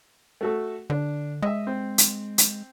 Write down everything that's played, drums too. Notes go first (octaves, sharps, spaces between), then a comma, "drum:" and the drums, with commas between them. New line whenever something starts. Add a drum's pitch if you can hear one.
A3 F#4 A4
D3 D4
G#3 D#5 E5
C4
drum: hi-hat
drum: hi-hat